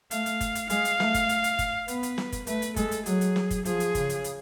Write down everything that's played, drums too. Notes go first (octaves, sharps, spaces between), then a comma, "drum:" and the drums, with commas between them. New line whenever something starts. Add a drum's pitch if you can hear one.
A3 F5, drum: hi-hat
drum: hi-hat
drum: kick F#1, hi-hat
drum: hi-hat
G#3 F5, drum: hi-hat
drum: hi-hat
A3, drum: snare
drum: kick F#1, hi-hat
drum: hi-hat
drum: hi-hat
drum: kick F#1, hi-hat
B3 B4, drum: hi-hat
drum: hi-hat
drum: snare
drum: kick F#1, hi-hat
A3 B4, drum: hi-hat
drum: hi-hat
G#3 A4, drum: kick F#1, hi-hat
drum: hi-hat
F#3 G#4, drum: hi-hat
drum: hi-hat
drum: snare
drum: kick F#1, hi-hat
F3 G#4, drum: hi-hat
drum: hi-hat
C#3, drum: kick F#1, hi-hat
drum: hi-hat
drum: hi-hat